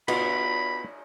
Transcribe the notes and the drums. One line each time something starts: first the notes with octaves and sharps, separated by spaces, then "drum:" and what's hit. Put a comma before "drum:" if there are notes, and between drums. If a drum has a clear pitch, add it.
B3 F4 F#4 B5, drum: cymbal